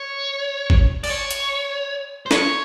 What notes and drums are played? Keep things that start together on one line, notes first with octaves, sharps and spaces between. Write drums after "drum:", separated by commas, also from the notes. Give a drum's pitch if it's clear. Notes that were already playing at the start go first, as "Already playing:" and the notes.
Already playing: C#5
drum: kick G1
D5, drum: cymbal
C#5
drum: hi-hat
C5
C#5, drum: snare